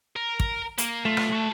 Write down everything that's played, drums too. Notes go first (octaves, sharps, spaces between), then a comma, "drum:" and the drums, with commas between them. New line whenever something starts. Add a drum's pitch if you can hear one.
A#4
drum: kick
A#3, drum: hi-hat
B1 A3 F4
drum: rim click
F#4 A5